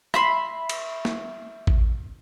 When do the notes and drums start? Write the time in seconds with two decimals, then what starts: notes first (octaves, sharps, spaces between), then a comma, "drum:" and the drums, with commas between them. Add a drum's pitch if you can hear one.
0.14 E5 B5 C6, drum: rim click
0.69 drum: cymbal
1.05 drum: snare
1.67 drum: kick A1